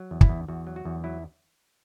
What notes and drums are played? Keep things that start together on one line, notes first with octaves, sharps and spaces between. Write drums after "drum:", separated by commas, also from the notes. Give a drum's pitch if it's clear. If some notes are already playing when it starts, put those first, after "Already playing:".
Already playing: F#3
E2
E4, drum: kick
E2
E2 F#4
F#3
F#4
E2
F#3 E4